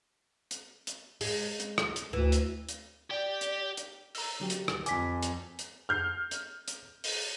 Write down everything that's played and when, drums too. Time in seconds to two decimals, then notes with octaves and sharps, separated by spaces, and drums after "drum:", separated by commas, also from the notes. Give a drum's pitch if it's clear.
0.51 drum: hi-hat
0.87 drum: hi-hat
1.21 G#3, drum: open hi-hat
1.60 drum: hi-hat
1.78 drum: rim click
1.96 drum: hi-hat
2.13 D2 E3
2.32 drum: hi-hat
2.69 drum: hi-hat
3.10 G4 D5 G5
3.41 drum: hi-hat
3.77 drum: hi-hat
4.15 A#5 E6, drum: open hi-hat
4.40 D3 F#3 G4
4.50 drum: hi-hat
4.68 drum: rim click
4.86 F2 G#5 D6 B6, drum: hi-hat
5.23 drum: hi-hat
5.59 drum: hi-hat
5.89 F6 G6 C7
6.31 drum: hi-hat
6.68 drum: hi-hat
7.04 drum: open hi-hat